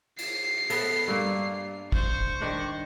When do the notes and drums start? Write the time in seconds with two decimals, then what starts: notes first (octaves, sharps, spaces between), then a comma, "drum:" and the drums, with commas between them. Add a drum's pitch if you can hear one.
0.18 C7, drum: cymbal
0.70 B3 A4, drum: cymbal
1.08 G2 A#3
1.92 C5 C#6, drum: kick
2.41 D#3 D4